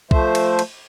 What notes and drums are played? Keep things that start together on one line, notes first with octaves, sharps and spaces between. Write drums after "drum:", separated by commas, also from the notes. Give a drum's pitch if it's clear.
F3 A3 C5 E5, drum: kick B1
drum: cymbal
drum: cymbal